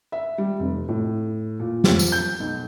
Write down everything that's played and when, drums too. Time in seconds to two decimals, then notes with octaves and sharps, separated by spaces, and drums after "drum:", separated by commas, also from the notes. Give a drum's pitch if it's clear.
0.12 E5
0.38 G3
0.60 F1
0.88 A2
1.60 A#2
1.84 F2, drum: snare
1.99 drum: tambourine
2.12 G6
2.40 B1